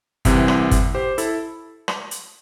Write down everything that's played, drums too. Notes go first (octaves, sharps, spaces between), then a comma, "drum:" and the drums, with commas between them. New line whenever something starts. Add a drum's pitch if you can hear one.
C2 C3 E3, drum: kick G1, hi-hat
drum: rim click
drum: kick G1, hi-hat
G4 C5
E4 A4, drum: hi-hat
drum: rim click
drum: hi-hat